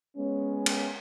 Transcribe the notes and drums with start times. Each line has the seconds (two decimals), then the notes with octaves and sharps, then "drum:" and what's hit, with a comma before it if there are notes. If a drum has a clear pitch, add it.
0.17 G#3 B3 C#4
0.66 drum: cymbal